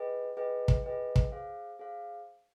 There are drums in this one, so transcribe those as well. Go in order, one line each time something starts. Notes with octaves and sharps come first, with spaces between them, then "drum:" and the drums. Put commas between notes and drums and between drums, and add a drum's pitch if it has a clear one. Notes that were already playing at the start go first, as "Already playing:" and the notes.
Already playing: G#4 B4 D#5 G5
G#4 B4 D#5 G5
drum: kick
G#4 B4 D#5 G5
drum: kick
G#4 C5 F5
G#4 C5 F5